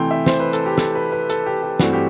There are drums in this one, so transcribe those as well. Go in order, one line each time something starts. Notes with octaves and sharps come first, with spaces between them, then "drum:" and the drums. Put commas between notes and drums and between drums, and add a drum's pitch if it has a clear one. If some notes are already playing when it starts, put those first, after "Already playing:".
Already playing: C3 E3 A3 G5 C6
E5
C5, drum: snare
B4
A4, drum: hi-hat
G4
A4, drum: snare
B4
B4
A4, drum: hi-hat
G4
G4
G2 E3 A3 C4 F#4, drum: snare
G4